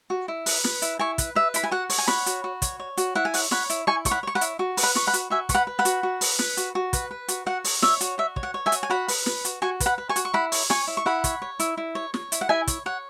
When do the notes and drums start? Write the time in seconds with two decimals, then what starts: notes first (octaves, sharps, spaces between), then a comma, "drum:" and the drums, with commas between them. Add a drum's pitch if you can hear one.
0.10 F#4
0.28 E4
0.46 B4, drum: open hi-hat
0.64 B4, drum: snare
0.82 E4, drum: hi-hat
0.99 E4 G#5 C#6
1.18 B4, drum: kick, hi-hat
1.35 B4 E5
1.54 E4 B5, drum: hi-hat
1.64 G#5
1.71 F#4 F#5
1.90 C#5, drum: open hi-hat
1.98 G#5
2.08 C#5 F#5 B5, drum: snare
2.26 F#4, drum: hi-hat
2.44 F#4
2.62 C#5, drum: kick, hi-hat
2.79 C#5
2.97 F#4, drum: hi-hat
3.15 E4 F#5
3.25 G#5
3.34 C#5 F#5, drum: open hi-hat
3.51 C#5 F#5 B5, drum: snare
3.70 E4, drum: hi-hat
3.87 E4 G#5 C#6
4.05 C#5 C#6, drum: kick, hi-hat
4.11 F#5 B5
4.23 C#5 C#6
4.35 F#5 B5
4.41 E4, drum: hi-hat
4.59 F#4
4.77 B4, drum: open hi-hat
4.83 F#5 B5
4.95 B4 C#6, drum: snare
5.07 F#5 B5
5.14 F#4, drum: hi-hat
5.30 F#4 E5 G#5
5.49 B4 C#6, drum: kick, hi-hat
5.55 F#5 B5
5.67 B4
5.79 F#5 B5
5.85 F#4, drum: hi-hat
6.03 F#4
6.21 B4, drum: open hi-hat
6.39 B4, drum: snare
6.57 F#4, drum: hi-hat
6.75 F#4
6.93 B4, drum: kick, hi-hat
7.11 B4
7.28 F#4, drum: hi-hat
7.46 F#4 F#5
7.64 C#5, drum: open hi-hat
7.82 C#5 E5, drum: snare
8.01 F#4, drum: hi-hat
8.18 F#4 E5
8.36 C#5, drum: kick
8.43 F#5
8.54 C#5
8.66 E5 G#5
8.72 F#4, drum: hi-hat
8.83 G#5
8.90 F#4 F#5 B5
9.08 B4, drum: open hi-hat
9.26 B4, drum: snare
9.45 F#4, drum: hi-hat
9.62 F#4 G#5 C#6
9.80 B4, drum: kick, hi-hat
9.86 F#5 B5
9.98 B4
10.09 G#5 C#6
10.16 F#4, drum: hi-hat
10.25 C#6
10.34 E4 F#5 B5
10.52 C#5, drum: open hi-hat
10.70 C#5 G#5 C#6, drum: snare
10.87 E4
10.97 C#6
11.06 E4 F#5 B5
11.24 C#5, drum: kick, hi-hat
11.42 C#5
11.60 E4, drum: hi-hat
11.77 E4
11.95 C#5
12.14 C#5, drum: snare
12.32 E4, drum: hi-hat
12.41 F#5
12.49 E4 E5 G#5
12.67 C#5, drum: kick, hi-hat
12.86 C#5 F#5